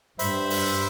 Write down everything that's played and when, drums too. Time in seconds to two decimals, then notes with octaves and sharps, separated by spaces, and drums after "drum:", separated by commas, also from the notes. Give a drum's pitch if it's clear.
0.19 G2 C5 E5 B5, drum: hi-hat
0.50 drum: open hi-hat